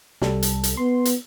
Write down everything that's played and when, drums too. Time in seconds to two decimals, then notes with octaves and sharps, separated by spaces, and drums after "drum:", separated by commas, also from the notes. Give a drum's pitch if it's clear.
0.22 C2 G3 A4, drum: snare
0.43 drum: hi-hat
0.63 drum: hi-hat
0.77 B3 C6
1.05 drum: hi-hat